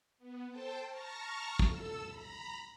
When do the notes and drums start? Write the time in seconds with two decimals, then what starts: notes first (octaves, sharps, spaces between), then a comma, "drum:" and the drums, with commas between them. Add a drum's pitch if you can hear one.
0.18 B3
0.49 A4 C5 G5 A5
0.89 A5 A#5 C#6 F6 A#6
1.59 A4 E6, drum: kick
2.06 A#5 B5